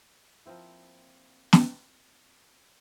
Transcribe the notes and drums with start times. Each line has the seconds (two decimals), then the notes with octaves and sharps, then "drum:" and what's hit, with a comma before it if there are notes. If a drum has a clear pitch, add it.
0.46 F3 A#3 C4 E4
1.53 drum: snare